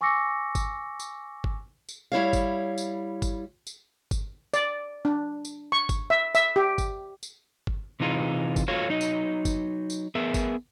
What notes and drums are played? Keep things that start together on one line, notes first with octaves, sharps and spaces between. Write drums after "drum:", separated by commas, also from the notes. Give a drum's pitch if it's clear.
G#5 C#6 D6 E6 A#6 C#7
drum: kick G1, tambourine
drum: tambourine
drum: kick G1
drum: tambourine
G3 E4 C#5 F5
drum: kick G1, tambourine
drum: tambourine
drum: kick G1, tambourine
drum: tambourine
drum: kick G1, tambourine
D5, drum: tambourine
D4
drum: tambourine
C#6
drum: kick G1, tambourine
E5
E5, drum: tambourine
G4
drum: kick G1, tambourine
drum: tambourine
drum: kick G1
C3 E3 D#4 F4 G#4
drum: kick G1, tambourine
F4 F#4 A4 C#5 F5
F#3 D#4 D#5
drum: tambourine
drum: kick G1, tambourine
drum: tambourine
B3 G#4 A#4 E5
drum: kick G1, tambourine